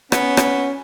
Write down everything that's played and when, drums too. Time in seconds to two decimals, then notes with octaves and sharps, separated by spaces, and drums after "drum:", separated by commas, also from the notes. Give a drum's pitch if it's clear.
0.12 B3 C#4, drum: rim click
0.37 drum: rim click